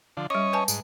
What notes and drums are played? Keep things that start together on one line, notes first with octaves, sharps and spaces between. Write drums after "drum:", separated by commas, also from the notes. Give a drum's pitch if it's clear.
D3 F3
G3 C#4 C#5 D#5 D6
B4 G#5 A5
G#2, drum: tambourine